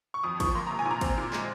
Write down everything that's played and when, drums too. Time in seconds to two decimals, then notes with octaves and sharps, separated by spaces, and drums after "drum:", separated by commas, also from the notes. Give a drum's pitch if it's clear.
0.14 C#6
0.23 F2 D#6
0.40 F3 C#6, drum: kick, cymbal
0.55 A#3 C6
0.67 C3 A#5
0.79 G#5
0.85 A#2
0.91 A#5
1.01 C4, drum: kick, cymbal
1.18 A#2
1.33 G#3, drum: clap